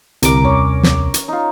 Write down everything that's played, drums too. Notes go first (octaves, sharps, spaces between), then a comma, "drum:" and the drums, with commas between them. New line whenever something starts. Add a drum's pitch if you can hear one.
C2 D3 A#4 A#5 D6, drum: hi-hat
D#2 C#4 C#5
drum: snare
drum: hi-hat
D#4 F4